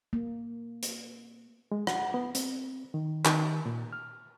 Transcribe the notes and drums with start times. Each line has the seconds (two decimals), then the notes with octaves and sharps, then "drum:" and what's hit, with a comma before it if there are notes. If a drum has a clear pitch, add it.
0.13 A#3
0.83 drum: hi-hat
1.72 G#3
1.87 F#5, drum: rim click
2.14 B3
2.35 C4, drum: hi-hat
2.94 D#3
3.25 D#3, drum: clap
3.66 A#2
3.93 F6